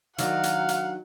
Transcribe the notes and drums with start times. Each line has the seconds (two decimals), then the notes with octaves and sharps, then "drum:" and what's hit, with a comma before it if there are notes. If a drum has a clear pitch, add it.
0.18 D#3 F#3 D4 F5 F#5, drum: hi-hat
0.43 drum: hi-hat
0.69 drum: hi-hat